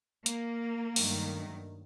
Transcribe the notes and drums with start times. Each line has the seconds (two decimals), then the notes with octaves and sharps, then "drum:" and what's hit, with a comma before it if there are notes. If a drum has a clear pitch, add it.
0.26 A#3, drum: hi-hat
0.96 G2 D#3 F#3 A3, drum: open hi-hat